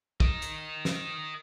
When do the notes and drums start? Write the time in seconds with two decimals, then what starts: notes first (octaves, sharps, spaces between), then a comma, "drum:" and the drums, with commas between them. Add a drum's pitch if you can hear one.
0.20 A#4 D#5, drum: kick
0.42 drum: hi-hat
0.85 drum: snare